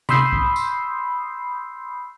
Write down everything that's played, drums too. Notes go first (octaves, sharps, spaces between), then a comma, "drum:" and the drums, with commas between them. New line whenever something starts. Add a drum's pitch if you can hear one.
B5 C6 D#6 E6 G6 C7, drum: tom C3
drum: kick
drum: tambourine